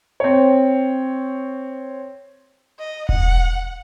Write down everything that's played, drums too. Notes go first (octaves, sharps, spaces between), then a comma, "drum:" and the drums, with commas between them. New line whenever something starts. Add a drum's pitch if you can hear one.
C4 C#5
D#5
F#5, drum: kick E1